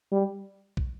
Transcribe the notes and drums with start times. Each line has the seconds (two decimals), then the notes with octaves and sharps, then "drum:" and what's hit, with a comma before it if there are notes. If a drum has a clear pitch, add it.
0.12 G3
0.77 drum: kick